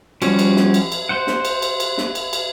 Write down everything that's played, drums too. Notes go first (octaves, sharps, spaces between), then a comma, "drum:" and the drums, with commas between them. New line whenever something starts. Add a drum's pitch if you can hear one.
F3 G3 C#4 F#4, drum: cymbal
drum: cymbal
drum: snare
drum: cymbal
drum: cymbal
C5 F#5
drum: snare
drum: cymbal
drum: cymbal
drum: cymbal
drum: snare
drum: cymbal
drum: cymbal